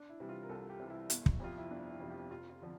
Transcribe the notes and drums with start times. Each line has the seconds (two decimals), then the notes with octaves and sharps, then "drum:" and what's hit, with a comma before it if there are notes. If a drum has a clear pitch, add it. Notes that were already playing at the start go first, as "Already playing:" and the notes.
Already playing: D4
0.10 E4
0.20 C3 E3 G3
0.29 F4
0.43 A#4
0.49 C2 A4
0.70 G4
0.80 C3 E3 G3
0.90 E4
1.10 G1, drum: hi-hat
1.26 drum: kick
1.40 F2 C3 F3 F4
1.58 E4
1.70 G1 D4
1.90 E4
2.00 F2 C3 F3
2.11 G4
2.30 F1 F4
2.50 F4
2.62 D3 F3